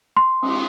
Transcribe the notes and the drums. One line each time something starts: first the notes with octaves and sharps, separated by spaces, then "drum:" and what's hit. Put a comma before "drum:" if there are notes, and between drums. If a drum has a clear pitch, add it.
C6
drum: cymbal